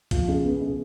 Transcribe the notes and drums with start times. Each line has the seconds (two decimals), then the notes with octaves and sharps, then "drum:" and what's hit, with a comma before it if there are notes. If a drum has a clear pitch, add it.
0.11 F3, drum: kick, hi-hat
0.28 C#3
0.44 B3
0.61 C#3